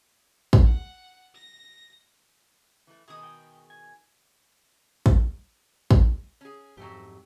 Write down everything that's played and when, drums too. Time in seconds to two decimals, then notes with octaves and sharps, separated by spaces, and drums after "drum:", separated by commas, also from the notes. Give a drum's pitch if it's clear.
0.53 drum: kick
0.64 F#5
1.34 A#6
2.87 E3 A3
3.08 B2 D#3 G#3 G#4 D#6
3.23 G5
3.70 G#5
5.06 drum: kick
5.91 drum: kick
6.41 C#4 G#4
6.77 F2 G#2 F#3 A3 G4